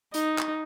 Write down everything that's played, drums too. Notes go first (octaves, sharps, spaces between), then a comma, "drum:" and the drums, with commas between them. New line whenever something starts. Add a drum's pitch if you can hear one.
D#4, drum: hi-hat
drum: clap